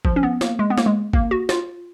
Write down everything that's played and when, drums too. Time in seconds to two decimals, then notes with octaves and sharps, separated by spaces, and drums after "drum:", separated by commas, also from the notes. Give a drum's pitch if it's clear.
0.05 F3, drum: kick
0.16 C#4
0.23 B3
0.41 A#3, drum: snare
0.59 G#3
0.70 B3
0.78 A#3, drum: snare
0.86 G#3
1.13 A#3, drum: kick
1.31 F#4
1.49 F4, drum: snare